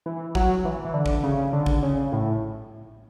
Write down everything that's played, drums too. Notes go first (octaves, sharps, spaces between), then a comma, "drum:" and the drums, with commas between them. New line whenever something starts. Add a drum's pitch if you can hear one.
E3
F#3, drum: kick
E3
E3
D3
drum: kick
C#3
D3
drum: kick
C#3
A2